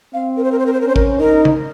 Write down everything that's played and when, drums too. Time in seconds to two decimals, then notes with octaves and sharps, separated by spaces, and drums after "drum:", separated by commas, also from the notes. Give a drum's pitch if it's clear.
0.14 C4 F5
0.37 A#4
0.44 C5
0.52 A#4
0.59 C5
0.66 A#4
0.73 C5
0.81 A#4
0.85 C#4 C5
0.96 A#4, drum: kick A1
1.20 D#4 A#4
1.45 drum: tom C#3